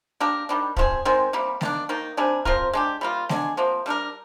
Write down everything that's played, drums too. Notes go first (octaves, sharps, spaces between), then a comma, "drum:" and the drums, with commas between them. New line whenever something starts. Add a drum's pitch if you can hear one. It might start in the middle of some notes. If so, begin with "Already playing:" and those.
A#3 D4 G4 A#4
D#3 G3 D4
F3 C4 F4 G#4, drum: kick
D#3 G#3 C4
C3 G3 A#3
D#3 A#3 D4, drum: snare A3
D#3 A#3 D#4
C3 G3 D4 G#4
F3 C4 F4 A#4, drum: kick
G#3 D4 G4
G3 A#3 F4
D3 G#3 D4 G#4, drum: snare A3
C3 F3 A#3
G3 D4 F4 A#4